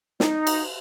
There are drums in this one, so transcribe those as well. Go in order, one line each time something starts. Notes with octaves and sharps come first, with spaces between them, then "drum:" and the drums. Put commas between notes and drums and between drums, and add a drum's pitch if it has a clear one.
D#4, drum: snare
drum: cymbal